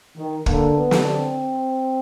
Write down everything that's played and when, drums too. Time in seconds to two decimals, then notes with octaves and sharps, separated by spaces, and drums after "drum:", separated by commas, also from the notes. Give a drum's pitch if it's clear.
0.16 D#3
0.46 D3 A#3, drum: kick
0.76 B3
0.91 D3, drum: snare
1.06 C4